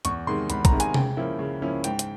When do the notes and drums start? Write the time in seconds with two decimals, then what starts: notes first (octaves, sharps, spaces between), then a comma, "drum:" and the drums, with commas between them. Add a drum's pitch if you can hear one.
0.05 E2 C#6, drum: hi-hat
0.27 C3 D#3 G#3 C6
0.50 E2 B5, drum: hi-hat
0.65 A#5, drum: kick, hi-hat
0.72 C3 D#3 G#3
0.80 G#5, drum: hi-hat
0.94 C#3 G5, drum: tom C3
1.17 F3 A#3 C#4 E4
1.39 C#3
1.62 F3 A#3 C#4 E4
1.84 G#2 G5, drum: hi-hat
1.99 drum: hi-hat